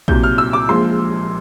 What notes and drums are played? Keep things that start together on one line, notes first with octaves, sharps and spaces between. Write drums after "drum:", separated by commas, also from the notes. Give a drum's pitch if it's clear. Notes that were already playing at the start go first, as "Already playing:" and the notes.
C2 A#2 F#3 G6, drum: kick
F6
E6
D6
A#1 A#2 F3 G#3 C6